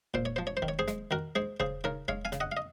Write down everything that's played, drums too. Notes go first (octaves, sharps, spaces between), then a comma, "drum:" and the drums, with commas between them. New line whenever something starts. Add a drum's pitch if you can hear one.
A#2 C5, drum: kick E1
C#5
F3 C5
C#5
C5
D#3, drum: kick E1
C#5
G#4 C5
G#3, drum: snare
D#3 F#4 A#4
G#3 G#4 C5
C#3 G#4 C5, drum: kick E1
C#3 A#4 C#5, drum: tom D#4
G#3 C#5 F5, drum: kick E1
F5 G#5
C#3, drum: snare
D#5 F#5
F5
D#5